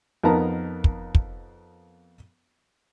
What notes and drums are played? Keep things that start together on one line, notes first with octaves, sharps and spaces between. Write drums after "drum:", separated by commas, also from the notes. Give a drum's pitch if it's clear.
F2 B3 D#4 A#4 A5 A#5
drum: kick
drum: kick